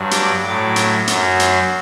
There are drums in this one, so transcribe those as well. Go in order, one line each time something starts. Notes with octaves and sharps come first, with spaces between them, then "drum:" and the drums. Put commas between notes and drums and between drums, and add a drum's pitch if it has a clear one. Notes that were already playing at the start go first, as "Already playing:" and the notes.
Already playing: G2 F#3
D6, drum: hi-hat
A2 F#3 D6
drum: hi-hat
F#2 F#3, drum: hi-hat
C6, drum: hi-hat